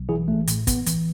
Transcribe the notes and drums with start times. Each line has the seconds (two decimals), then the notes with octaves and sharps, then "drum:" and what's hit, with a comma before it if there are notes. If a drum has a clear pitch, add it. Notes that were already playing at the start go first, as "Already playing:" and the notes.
Already playing: B1
0.09 E3 E4 G#4
0.28 A1 A3
0.47 A2, drum: hi-hat
0.67 A1 B3, drum: kick, hi-hat
0.86 E3, drum: hi-hat